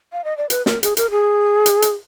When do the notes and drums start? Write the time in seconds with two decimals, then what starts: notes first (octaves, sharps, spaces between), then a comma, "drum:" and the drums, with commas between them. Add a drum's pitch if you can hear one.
0.13 F5
0.24 D#5
0.37 D5
0.50 B4, drum: hi-hat
0.66 A#4, drum: snare
0.83 G#4, drum: hi-hat
0.97 A#4, drum: hi-hat
1.11 G#4
1.66 drum: hi-hat
1.82 drum: hi-hat